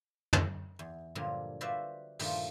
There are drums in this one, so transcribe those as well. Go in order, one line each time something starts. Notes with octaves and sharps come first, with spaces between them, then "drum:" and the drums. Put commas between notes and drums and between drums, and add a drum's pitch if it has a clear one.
drum: tom
E2
G2 A#2 D3 F3 F#3
F4 F#4 B4 C5 D5 E5
G2 A#2 D#3 F3 A3 F4, drum: open hi-hat